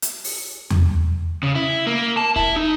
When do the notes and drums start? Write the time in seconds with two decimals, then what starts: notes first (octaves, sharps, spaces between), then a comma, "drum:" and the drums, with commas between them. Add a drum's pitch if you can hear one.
0.02 drum: hi-hat
0.24 drum: open hi-hat
0.70 drum: tom E2
1.43 C#3
1.56 E4
1.87 A#3
2.17 A5
2.36 E4, drum: kick
2.56 D#4